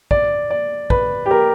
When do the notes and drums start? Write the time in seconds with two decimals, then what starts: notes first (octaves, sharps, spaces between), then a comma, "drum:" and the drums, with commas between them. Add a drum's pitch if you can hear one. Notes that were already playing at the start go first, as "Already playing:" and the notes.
0.11 D5, drum: kick
0.51 D5
0.90 B4, drum: kick
1.26 G4
1.31 A#4